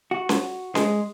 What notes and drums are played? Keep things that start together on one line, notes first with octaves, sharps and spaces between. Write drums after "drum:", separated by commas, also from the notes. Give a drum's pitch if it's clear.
F#4
drum: snare C#4
G#3, drum: snare C#4